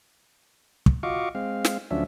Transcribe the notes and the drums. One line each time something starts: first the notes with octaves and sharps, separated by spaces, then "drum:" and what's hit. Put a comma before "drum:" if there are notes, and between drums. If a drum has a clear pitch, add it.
drum: kick
F4 F#4 D#5 F5 C#6 D6
G#3 C4 F5
drum: snare
D2 F3 F#3 C#4 D4 E5